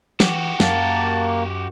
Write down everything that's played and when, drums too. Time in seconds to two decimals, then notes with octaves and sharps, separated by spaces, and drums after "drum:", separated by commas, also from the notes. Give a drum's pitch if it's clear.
0.20 E3 F#4 G4, drum: snare
0.60 F#2 A#3 A5, drum: snare